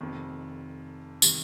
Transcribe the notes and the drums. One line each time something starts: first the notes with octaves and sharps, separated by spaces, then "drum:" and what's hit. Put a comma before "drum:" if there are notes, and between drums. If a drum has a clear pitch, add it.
F1 F2 D#3
C3 D#3 G3, drum: tambourine